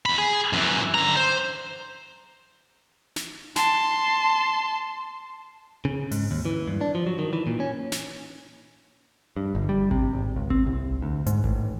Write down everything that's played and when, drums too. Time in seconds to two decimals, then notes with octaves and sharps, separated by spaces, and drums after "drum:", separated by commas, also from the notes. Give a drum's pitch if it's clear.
0.06 E2 B5
0.18 G#4
0.53 F#2 E3
0.94 D3 A#5
1.17 C5
3.16 drum: snare
3.56 A5 C6, drum: snare
5.85 C#3
6.11 G#2, drum: open hi-hat
6.31 D#2
6.45 E3
6.67 G2
6.81 D4
6.95 F3
7.07 F#3
7.19 D#3
7.33 E3
7.47 A#2
7.60 C#4
7.92 drum: snare
9.37 G2
9.55 G1
9.69 G3
9.91 C3, drum: kick G#1
10.13 G#1
10.36 C#2
10.50 C4, drum: kick G#1
10.66 C2
11.02 D2
11.26 G#2, drum: hi-hat
11.44 A1, drum: kick G#1